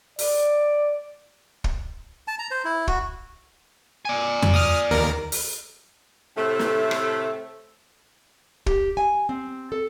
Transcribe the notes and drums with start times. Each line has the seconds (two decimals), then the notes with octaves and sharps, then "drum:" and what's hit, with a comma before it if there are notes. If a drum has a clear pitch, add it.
0.19 D5, drum: open hi-hat
1.64 drum: kick
2.28 A5
2.39 A#5
2.51 C5
2.65 E4
2.88 F#4, drum: kick
4.05 D5 G#5
4.42 drum: tom F2
4.54 D#6 F6
4.91 D#2 A#4
5.32 drum: open hi-hat
6.37 A2 C3 A3
6.59 drum: snare
6.91 drum: rim click
8.66 G4, drum: kick
8.97 G#5
9.29 C4
9.72 A4